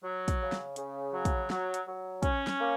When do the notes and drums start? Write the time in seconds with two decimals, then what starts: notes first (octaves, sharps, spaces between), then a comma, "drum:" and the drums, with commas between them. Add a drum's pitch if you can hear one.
0.04 F#3
0.28 drum: kick, hi-hat
0.40 C#3
0.52 drum: snare
0.76 C#3, drum: hi-hat
1.13 F#3
1.25 drum: kick, hi-hat
1.50 F#3, drum: snare
1.74 drum: hi-hat
1.86 F#3
2.23 C#4, drum: kick, hi-hat
2.47 drum: snare
2.60 A#3